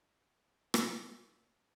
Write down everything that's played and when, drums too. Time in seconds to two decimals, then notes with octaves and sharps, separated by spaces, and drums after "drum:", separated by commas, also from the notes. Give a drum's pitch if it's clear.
0.12 G#4 B4 G#5 B5 D6
0.74 drum: rim click
0.90 C5 C#5 E5 F#5 A#5 C6